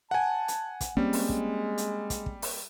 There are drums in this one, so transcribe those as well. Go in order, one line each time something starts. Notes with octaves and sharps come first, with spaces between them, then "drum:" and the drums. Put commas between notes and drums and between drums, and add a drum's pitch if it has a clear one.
F#5 G#5 A5
drum: hi-hat
drum: kick, hi-hat
G3 G#3 A#3 C4 C#4, drum: kick
drum: open hi-hat
drum: kick
drum: hi-hat
drum: kick, hi-hat
drum: kick
drum: open hi-hat